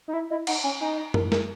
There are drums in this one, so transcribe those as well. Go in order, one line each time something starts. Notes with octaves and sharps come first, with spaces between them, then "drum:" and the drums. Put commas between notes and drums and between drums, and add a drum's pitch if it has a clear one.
D#4
E4 E5
E4 D#5
D#4 F#5, drum: cymbal
C#4 G#5
D#4 G#5
D#5
A#4, drum: tom F#2
A#4, drum: snare